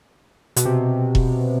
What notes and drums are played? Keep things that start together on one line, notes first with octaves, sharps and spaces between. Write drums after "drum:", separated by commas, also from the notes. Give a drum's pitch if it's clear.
B2, drum: hi-hat
C3
drum: kick E1